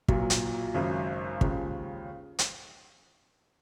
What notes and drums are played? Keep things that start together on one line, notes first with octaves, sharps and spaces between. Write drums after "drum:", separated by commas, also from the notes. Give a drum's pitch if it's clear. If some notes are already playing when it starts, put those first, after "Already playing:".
B1 A#2 F#3, drum: kick
drum: hi-hat
G#1 F#2 C#3
D#2 C#3 F3 G#3, drum: kick
drum: hi-hat